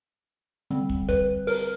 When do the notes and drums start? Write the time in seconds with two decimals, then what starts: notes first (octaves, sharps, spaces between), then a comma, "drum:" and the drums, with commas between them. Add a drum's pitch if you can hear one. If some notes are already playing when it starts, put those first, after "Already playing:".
0.70 D3 G3 C4, drum: hi-hat
0.90 drum: kick
1.09 B4, drum: kick, hi-hat
1.47 A#4, drum: open hi-hat